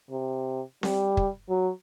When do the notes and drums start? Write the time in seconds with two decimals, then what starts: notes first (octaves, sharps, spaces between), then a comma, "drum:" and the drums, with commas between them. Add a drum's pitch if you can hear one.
0.11 C3
0.83 G3, drum: snare C4
1.17 drum: kick
1.49 F#3